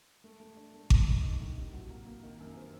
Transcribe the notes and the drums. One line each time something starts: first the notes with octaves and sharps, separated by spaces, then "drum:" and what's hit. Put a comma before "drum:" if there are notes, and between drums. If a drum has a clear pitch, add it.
A3
A3
D4
A3
A#3, drum: kick G#1
D#4
D#4
A2
C3
F#3
A#3
A#3
D#3
F#2
C4